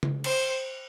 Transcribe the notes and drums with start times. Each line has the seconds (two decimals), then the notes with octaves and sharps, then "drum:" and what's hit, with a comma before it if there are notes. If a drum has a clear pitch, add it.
0.03 drum: tom C#3
0.24 C5, drum: cymbal